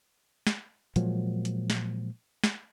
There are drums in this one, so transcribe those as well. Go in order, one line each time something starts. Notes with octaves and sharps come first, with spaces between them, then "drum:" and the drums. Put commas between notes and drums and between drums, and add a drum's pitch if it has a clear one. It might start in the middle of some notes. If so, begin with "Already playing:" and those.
drum: snare
A#2 F3 F#3 G#3, drum: hi-hat
drum: hi-hat
drum: snare
drum: snare